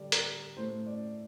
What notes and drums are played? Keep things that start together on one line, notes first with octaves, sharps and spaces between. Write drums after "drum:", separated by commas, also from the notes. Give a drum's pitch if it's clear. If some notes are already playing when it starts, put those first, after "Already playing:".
Already playing: D3 G3 D5
A#4, drum: hi-hat
A2 A3 C5
D5